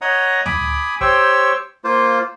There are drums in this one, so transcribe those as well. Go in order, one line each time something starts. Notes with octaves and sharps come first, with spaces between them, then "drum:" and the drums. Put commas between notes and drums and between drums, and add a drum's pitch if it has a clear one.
C#5 D#5 F#5 A#5 D#6
G#5 B5 D6 D#6, drum: tom
G4 C5 C#5 G5 C#6 E6, drum: kick
A#3 F4 C5